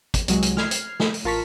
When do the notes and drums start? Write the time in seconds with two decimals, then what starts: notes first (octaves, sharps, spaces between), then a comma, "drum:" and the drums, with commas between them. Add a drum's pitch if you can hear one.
0.14 drum: kick, hi-hat
0.28 C2 F#3 G#3, drum: hi-hat
0.42 drum: hi-hat
0.57 F6 G#6 C7, drum: snare
0.71 drum: hi-hat
1.00 drum: snare
1.14 drum: open hi-hat
1.24 A1 F4 A#4 A5 C#6 B6